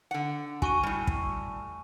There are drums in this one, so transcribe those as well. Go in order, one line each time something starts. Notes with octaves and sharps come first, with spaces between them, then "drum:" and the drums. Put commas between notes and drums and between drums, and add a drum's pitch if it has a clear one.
D3 F#5
F#4 G#5 C#6 D#7, drum: kick
A2 G3
drum: kick